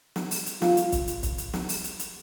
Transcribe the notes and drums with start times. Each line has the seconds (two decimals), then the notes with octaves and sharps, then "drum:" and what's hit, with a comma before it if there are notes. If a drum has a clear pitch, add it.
0.16 drum: snare
0.31 drum: open hi-hat
0.46 drum: hi-hat
0.62 F4, drum: snare
0.77 drum: hi-hat
0.92 drum: kick, hi-hat
1.08 drum: hi-hat
1.23 drum: kick, hi-hat
1.38 drum: hi-hat
1.53 drum: snare
1.69 drum: open hi-hat
1.84 drum: hi-hat
1.99 drum: hi-hat